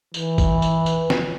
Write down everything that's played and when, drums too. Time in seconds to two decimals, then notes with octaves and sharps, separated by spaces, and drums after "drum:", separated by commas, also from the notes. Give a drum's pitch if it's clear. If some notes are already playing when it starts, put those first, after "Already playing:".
0.14 E3, drum: tambourine
0.38 drum: kick, tambourine
0.62 drum: tambourine
0.86 drum: tambourine
1.10 drum: snare